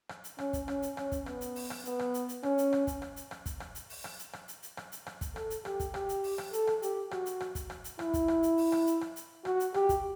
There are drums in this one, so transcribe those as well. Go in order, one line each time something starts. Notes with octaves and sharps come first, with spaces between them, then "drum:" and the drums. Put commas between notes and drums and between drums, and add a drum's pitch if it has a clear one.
drum: rim click
drum: hi-hat
C#4, drum: rim click
drum: kick, hi-hat
C#4, drum: rim click
drum: hi-hat
C#4, drum: rim click
drum: kick, hi-hat
B3, drum: rim click
drum: hi-hat
drum: open hi-hat
drum: rim click
B3, drum: hi-hat
drum: rim click
drum: hi-hat
drum: hi-hat
C#4, drum: rim click
drum: hi-hat
drum: rim click
drum: kick, hi-hat
drum: rim click
drum: hi-hat
drum: rim click
drum: kick, hi-hat
drum: rim click
drum: hi-hat
drum: open hi-hat
drum: rim click
drum: hi-hat
drum: rim click
drum: hi-hat
drum: hi-hat
drum: rim click
drum: hi-hat
drum: rim click
drum: kick, hi-hat
A4, drum: rim click
drum: hi-hat
G4, drum: rim click
drum: kick, hi-hat
G4, drum: rim click
drum: hi-hat
drum: open hi-hat
drum: rim click
A4, drum: hi-hat
drum: rim click
G4, drum: hi-hat
F#4, drum: rim click
drum: hi-hat
drum: rim click
drum: kick, hi-hat
drum: rim click
drum: hi-hat
E4, drum: rim click
drum: kick, hi-hat
drum: rim click
drum: hi-hat
drum: open hi-hat
drum: rim click
drum: hi-hat
drum: rim click
drum: hi-hat
F#4, drum: rim click
drum: hi-hat
G4, drum: rim click
drum: kick, hi-hat